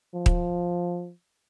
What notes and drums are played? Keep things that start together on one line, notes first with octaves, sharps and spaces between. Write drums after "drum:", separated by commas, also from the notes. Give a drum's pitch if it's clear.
F3
drum: kick D#1